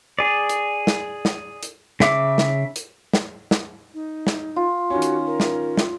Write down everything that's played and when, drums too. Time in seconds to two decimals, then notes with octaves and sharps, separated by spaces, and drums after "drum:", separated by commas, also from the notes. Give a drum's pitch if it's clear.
0.19 G#4 D5
0.49 drum: hi-hat
0.87 drum: snare
1.25 drum: snare
1.63 drum: hi-hat
2.00 C#3 E5 D6, drum: snare
2.38 drum: snare
2.76 drum: hi-hat
3.13 drum: snare
3.51 drum: snare
3.94 D#4
4.27 drum: snare
4.56 F4
4.90 D#3 C#4 F#4
5.02 drum: hi-hat
5.27 A#4
5.40 drum: snare
5.77 drum: snare